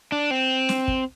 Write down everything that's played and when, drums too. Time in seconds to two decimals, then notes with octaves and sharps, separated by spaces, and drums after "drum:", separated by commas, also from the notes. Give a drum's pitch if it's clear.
0.12 D4
0.31 C4
0.69 drum: snare
0.88 drum: kick